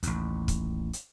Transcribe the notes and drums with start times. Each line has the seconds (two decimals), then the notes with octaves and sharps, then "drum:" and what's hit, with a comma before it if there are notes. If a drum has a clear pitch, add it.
0.03 A1 D#2, drum: hi-hat
0.48 drum: kick, hi-hat
0.93 drum: hi-hat